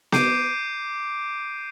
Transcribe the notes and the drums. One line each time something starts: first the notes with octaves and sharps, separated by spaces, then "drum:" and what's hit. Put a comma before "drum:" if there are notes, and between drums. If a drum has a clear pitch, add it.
D6 G6 C7 D7 D#7, drum: snare B3